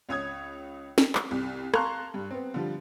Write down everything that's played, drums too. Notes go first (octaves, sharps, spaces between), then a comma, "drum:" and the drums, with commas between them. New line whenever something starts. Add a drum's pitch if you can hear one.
C#2 C#5 D#6 G#6
drum: snare
drum: clap
C2
F5 A5 A#5 C6 C#6 F#6, drum: rim click
G2
B3 C4
D3 F3 G3